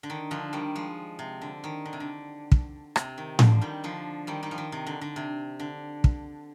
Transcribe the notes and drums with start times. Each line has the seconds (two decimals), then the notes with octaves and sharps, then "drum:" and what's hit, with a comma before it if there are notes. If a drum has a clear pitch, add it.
0.03 D3
0.10 D#3
0.31 D3 F3
0.53 D#3 G3
0.75 F3 G#3
1.19 C3
1.42 D3
1.64 D#3
1.85 D3
1.93 C3
2.00 D3
2.52 drum: kick
2.96 C3, drum: rim click
3.18 D#3
3.39 D3 F3, drum: tom A2
3.61 D#3 G3
3.84 D3 F3
4.27 D#3 G3
4.43 D#3 G3
4.51 F3
4.58 D#3
4.72 C3
4.87 D3
5.01 D3
5.16 C3
5.60 D3
6.04 drum: kick